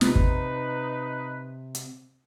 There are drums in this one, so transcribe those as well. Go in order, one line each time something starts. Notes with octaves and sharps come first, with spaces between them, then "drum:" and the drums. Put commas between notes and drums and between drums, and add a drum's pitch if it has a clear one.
C3 D#4 B4, drum: snare
drum: kick
drum: hi-hat